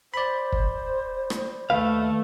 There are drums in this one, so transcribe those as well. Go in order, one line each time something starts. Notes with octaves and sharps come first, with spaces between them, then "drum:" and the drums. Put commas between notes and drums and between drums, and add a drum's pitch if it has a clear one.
C5 D5 B5
drum: kick
drum: rim click
D#2 A3 B4 F5